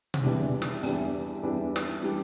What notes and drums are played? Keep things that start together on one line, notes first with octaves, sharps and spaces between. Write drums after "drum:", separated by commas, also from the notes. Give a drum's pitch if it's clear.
drum: tom B2
E2 E3 G3 D4
drum: snare
E2 E3 G3 D4, drum: open hi-hat
E2 E3 G3 D4
drum: snare
E3 G3 D4